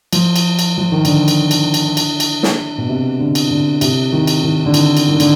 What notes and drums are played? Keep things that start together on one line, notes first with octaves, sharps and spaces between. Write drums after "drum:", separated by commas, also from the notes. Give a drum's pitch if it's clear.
F3, drum: cymbal
drum: cymbal
drum: cymbal
F3
D#3
D3, drum: cymbal
drum: cymbal
drum: cymbal
drum: cymbal
drum: cymbal
drum: cymbal
drum: snare
B2
C3
D3
drum: cymbal
D3
C3, drum: cymbal
D#3
drum: cymbal
D#3
D3
D#3, drum: cymbal
drum: cymbal
D#3
D3, drum: cymbal